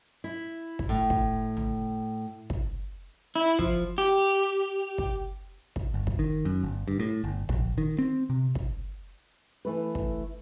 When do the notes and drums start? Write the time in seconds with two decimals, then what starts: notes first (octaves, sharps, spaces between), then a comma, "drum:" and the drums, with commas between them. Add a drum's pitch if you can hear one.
0.24 E4
0.79 drum: kick
0.89 A2
1.10 drum: kick
1.57 drum: tom
2.50 drum: kick
3.36 E4
3.59 F3, drum: kick
3.98 G4
4.98 drum: kick
5.76 drum: kick
5.94 G1
6.07 drum: kick
6.19 D#3
6.45 F#2
6.63 G1
6.88 G2
7.00 A2
7.24 G1
7.49 A#1, drum: kick
7.78 D#3
7.99 C4
8.30 C3
8.55 drum: kick
9.65 E3 A3 B4
9.95 drum: kick